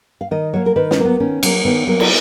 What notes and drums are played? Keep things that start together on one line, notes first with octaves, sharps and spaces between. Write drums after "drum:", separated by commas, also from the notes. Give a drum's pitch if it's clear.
F5
D#3 D#5
F#3 A#3 C#5
A#4
D#3 B4
C#4, drum: snare
F#3 A#3
B3
D#3 C#4
F#3 A#3, drum: cymbal
D#3 B3
F#3 A#3
drum: cymbal